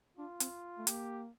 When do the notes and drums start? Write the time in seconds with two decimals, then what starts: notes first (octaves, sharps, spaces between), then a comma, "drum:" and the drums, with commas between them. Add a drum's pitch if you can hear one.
0.17 D4 F4
0.40 C4, drum: hi-hat
0.78 A3
0.87 A#3 G4, drum: hi-hat